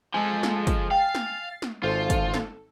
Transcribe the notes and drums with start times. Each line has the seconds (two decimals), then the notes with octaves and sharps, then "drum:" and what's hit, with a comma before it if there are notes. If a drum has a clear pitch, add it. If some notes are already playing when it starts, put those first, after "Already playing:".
0.14 F3 G#3 A4 G#5
0.43 drum: snare
0.67 drum: kick, hi-hat
0.91 F5 G5 A6 C7
1.15 drum: snare
1.62 drum: snare
1.83 G#1 F4 A4 C5
2.10 drum: kick, hi-hat
2.34 drum: snare